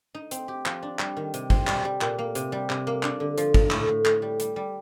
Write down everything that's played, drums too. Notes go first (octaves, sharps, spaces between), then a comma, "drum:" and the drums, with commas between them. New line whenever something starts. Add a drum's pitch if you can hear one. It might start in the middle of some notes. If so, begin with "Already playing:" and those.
D#4
C4, drum: hi-hat
G4
F3, drum: clap
D4
G3, drum: clap
D#3
C3, drum: hi-hat
C4, drum: kick
G3, drum: clap
G3
A#2, drum: clap
A#3
C3, drum: hi-hat
G3
C3, drum: clap
A#3
D4, drum: clap
D3
F3, drum: hi-hat
F3, drum: kick
A2, drum: clap
A2
A2, drum: clap
G3
G3, drum: hi-hat
G3